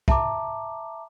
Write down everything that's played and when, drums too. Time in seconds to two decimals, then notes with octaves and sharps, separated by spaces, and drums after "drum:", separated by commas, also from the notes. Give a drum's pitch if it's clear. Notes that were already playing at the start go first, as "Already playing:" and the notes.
0.08 E5 A5 A#5 D6, drum: kick